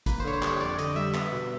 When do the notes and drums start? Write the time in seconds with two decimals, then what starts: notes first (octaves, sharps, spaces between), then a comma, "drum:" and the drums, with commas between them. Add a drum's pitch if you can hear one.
0.06 A#3 B4, drum: kick, hi-hat
0.20 C5
0.24 D3 C#5
0.33 C5
0.42 G3 C#5, drum: clap
0.60 F2 D5
0.78 D3 D#5, drum: hi-hat
0.96 G3 E5
1.14 B3, drum: clap
1.32 B2